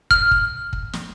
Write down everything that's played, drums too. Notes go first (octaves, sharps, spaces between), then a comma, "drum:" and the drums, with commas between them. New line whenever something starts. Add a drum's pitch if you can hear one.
F6, drum: kick
drum: kick
drum: kick
drum: snare